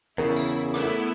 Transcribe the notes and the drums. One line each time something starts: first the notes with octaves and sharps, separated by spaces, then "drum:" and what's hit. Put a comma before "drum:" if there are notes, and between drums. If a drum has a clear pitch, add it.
E2 C#3 E4 A#4
drum: tambourine
A3 B3 E4, drum: rim click